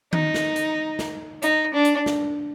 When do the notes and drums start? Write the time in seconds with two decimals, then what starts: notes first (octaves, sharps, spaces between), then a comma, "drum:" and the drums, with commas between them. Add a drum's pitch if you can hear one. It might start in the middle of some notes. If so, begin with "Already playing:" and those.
0.13 D#4, drum: tom D#3
0.34 drum: snare
0.56 drum: hi-hat
0.99 drum: snare
1.42 D#4, drum: hi-hat
1.74 D4
1.85 drum: hi-hat
2.06 drum: snare